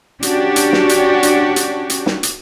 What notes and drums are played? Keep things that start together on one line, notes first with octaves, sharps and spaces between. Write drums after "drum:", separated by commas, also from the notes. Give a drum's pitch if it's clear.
C#4 D4 F#4 G4, drum: hi-hat
drum: hi-hat
drum: snare
drum: hi-hat
drum: hi-hat
drum: hi-hat
drum: hi-hat
drum: snare
drum: hi-hat